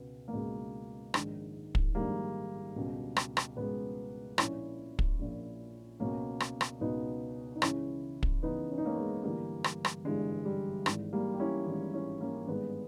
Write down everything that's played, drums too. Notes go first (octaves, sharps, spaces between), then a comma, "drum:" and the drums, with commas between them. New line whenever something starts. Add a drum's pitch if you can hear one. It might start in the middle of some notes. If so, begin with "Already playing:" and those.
Already playing: C#2 B2 B3
A#3
C#2 B2 G#3
A#1 G#2 D#3, drum: rim click
drum: kick
A#1 G#2 D#3 G3 A#3
C#2 B2
drum: rim click
drum: rim click
C#2 B2 G#3 B3
A#1 A#2 C#4 E4, drum: rim click
drum: kick
A#1 A#2
C#2 B2 A#3 C#4
drum: rim click
drum: rim click
C#2 B2 B3 D#4
D#4
C#2 C#3 E3 C#4 E4, drum: rim click
drum: kick
C#2 C#3 E3 B3 D#4
C#4
D#4
A#3 C#4
G#3 B3
G1 G2 E3 G3 A#3
drum: rim click
drum: rim click
G1 G2 E3 G#3
G3
G#1 G#2 E3, drum: rim click
G3 A#3
G4
C#4 E4
G#1 G#2 E3
C#4 E4
A#3 C#4
G#1 G2 D#3 G#3 B3